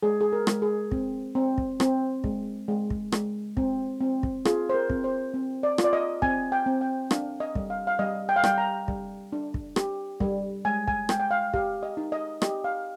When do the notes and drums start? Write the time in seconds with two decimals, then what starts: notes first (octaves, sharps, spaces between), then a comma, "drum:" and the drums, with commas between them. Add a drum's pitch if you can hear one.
0.03 G#3 G#4
0.21 G#4
0.33 A#4
0.47 G#3, drum: rim click
0.62 G#4
0.91 C4, drum: kick
1.35 C4
1.58 drum: kick
1.80 C4, drum: rim click
2.24 G#3, drum: kick
2.68 G#3
2.90 drum: kick
3.12 G#3, drum: rim click
3.57 C4, drum: kick
4.01 C4
4.23 drum: kick
4.45 F4 G#4, drum: rim click
4.69 C5
4.74 A#4
4.90 C4, drum: kick
5.04 C5
5.34 C4
5.63 D5
5.78 F4, drum: rim click
5.84 D5
5.93 D#5
6.22 C4 G#5, drum: kick
6.52 G5
6.66 C4
6.81 G5
7.11 D4 F5, drum: rim click
7.40 D#5
7.55 G3, drum: kick
7.70 F5
7.87 F5
7.99 G3 D#5
8.29 G5
8.36 F5
8.44 G3 G5, drum: rim click
8.58 A#5
8.88 G3, drum: kick
9.33 D4
9.54 drum: kick
9.76 G4, drum: rim click
10.20 G3, drum: kick
10.65 G#3 G#5
10.88 G#5, drum: kick
11.09 G#3 G5, drum: rim click
11.20 G5
11.31 F5
11.54 G4 F5, drum: kick
11.83 D#5
11.97 D#4
12.12 D#5
12.42 G4 D#5, drum: rim click
12.64 F5